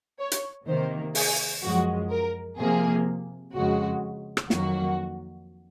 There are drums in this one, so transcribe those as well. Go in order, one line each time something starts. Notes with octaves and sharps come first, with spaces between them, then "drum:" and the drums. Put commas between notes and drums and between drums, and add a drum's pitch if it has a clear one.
C#5
drum: hi-hat
C3 D#3 A#3 C5
G#4, drum: open hi-hat
F#2 F3 G#3 F#4
A#4
C3 F3 A#3 G#4
F2 C#3 G#3 F#4
drum: rim click
F2 D#3 F#3 A#3 F#4, drum: snare